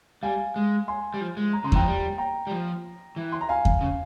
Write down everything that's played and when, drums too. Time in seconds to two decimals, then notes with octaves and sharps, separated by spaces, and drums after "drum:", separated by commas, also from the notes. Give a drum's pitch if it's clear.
0.23 G3 F5 G#5
0.56 G#3
0.88 G#5 C6
1.14 G3
1.21 F3
1.37 G#3
1.53 A#5
1.64 C#3 C6
1.72 E3, drum: kick E2
1.75 F3 G5 A#5
1.86 G3
2.18 G5 A#5
2.47 G3
2.51 F3
3.16 E3
3.32 C6
3.41 A#5
3.49 F5 G#5
3.65 drum: kick E2
3.81 C#3